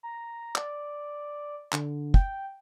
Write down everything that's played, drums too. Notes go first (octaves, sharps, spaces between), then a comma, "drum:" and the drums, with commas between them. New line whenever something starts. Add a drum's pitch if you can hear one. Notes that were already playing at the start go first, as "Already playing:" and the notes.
A#5
D5, drum: clap
D3, drum: clap
G5, drum: kick